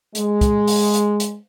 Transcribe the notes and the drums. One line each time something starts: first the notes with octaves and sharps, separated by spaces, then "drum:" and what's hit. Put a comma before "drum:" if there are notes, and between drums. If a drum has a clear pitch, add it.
G#3, drum: hi-hat
drum: kick, hi-hat
drum: open hi-hat
drum: hi-hat
drum: hi-hat